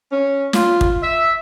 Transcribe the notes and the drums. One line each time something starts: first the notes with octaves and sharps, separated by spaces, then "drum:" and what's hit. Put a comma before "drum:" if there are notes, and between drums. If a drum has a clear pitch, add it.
C#4
F4, drum: snare
drum: kick
E5